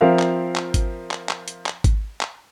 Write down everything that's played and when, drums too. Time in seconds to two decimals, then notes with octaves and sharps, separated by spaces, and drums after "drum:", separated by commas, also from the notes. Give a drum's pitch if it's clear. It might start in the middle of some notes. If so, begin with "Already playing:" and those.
0.01 F3 C4 A#4 E5 F5
0.19 drum: clap
0.56 drum: clap
0.74 drum: kick G#1, hi-hat
1.11 drum: clap
1.29 drum: clap
1.48 drum: hi-hat
1.66 drum: clap
1.84 drum: kick G#1, hi-hat
2.21 drum: clap